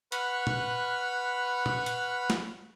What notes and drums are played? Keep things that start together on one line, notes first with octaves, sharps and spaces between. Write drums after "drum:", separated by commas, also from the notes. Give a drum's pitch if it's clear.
B4 F#5 B5 C#6 F6, drum: hi-hat
drum: tom
drum: tom
drum: hi-hat
drum: snare